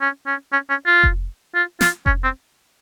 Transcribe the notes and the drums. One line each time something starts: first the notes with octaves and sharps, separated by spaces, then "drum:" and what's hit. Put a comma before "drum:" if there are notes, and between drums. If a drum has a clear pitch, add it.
C#4
C#4
C#4
C#4
F4
drum: kick F1
F4
F4, drum: snare
C#4, drum: kick F1
C4